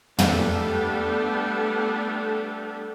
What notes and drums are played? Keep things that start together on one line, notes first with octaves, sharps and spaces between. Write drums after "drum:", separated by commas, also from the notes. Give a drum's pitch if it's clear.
G3 A3 B3 D4 A4, drum: tom